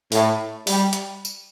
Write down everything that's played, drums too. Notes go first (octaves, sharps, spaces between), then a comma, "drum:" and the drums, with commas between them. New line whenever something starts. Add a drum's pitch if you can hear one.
A2, drum: open hi-hat
G3, drum: open hi-hat
drum: hi-hat
drum: tambourine